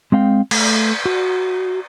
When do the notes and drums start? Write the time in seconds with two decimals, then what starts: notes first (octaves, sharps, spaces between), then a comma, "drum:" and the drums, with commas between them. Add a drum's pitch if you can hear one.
0.12 G#3 C4 F5 G5
0.51 A3, drum: cymbal
1.05 F#4